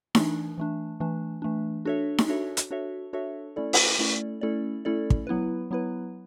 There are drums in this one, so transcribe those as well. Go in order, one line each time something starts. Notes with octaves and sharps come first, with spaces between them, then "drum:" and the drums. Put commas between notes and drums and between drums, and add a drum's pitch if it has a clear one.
E3 A3 D4, drum: snare D#4
E3 A3 D4
E3 A3 D4
E3 A3 D4
D4 F#4 A4 C#5 E5
drum: snare D#4
D4 F#4 A4 C#5 E5
drum: hi-hat
D4 F#4 A4 C#5 E5
D4 F#4 A4 C#5 E5
A3 C#4 E4 A4 D5
drum: open hi-hat
A3 C#4 E4 A4 D5
A3 C#4 E4 A4 D5
A3 C#4 E4 A4 D5
drum: kick
F#3 B3 E4 B4
F#3 B3 E4 B4